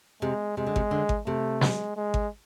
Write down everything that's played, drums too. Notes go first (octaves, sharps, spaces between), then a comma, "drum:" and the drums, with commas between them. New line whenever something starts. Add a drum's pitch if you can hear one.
C3 G#3
C3 G#3
D3
C3, drum: kick G#1
D3
drum: kick G#1
C3 A3
G#3, drum: snare
G#3
drum: kick G#1